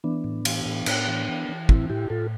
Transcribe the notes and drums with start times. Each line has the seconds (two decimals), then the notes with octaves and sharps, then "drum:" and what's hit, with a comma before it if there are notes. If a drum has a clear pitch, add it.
0.04 E3 B3 D4
0.24 A2
0.45 E3, drum: cymbal
0.65 A2
0.86 A2, drum: cymbal
1.07 E3
1.28 E3
1.49 E3
1.69 A2 C4 E4, drum: kick
1.89 A2 E4 G4
2.10 A2 F4 A4